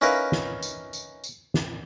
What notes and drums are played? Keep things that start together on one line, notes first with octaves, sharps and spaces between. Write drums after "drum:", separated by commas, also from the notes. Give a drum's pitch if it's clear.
C#4 D#4 E4 A#4 B4 F5
drum: snare
drum: tambourine
drum: tambourine
drum: tambourine
drum: snare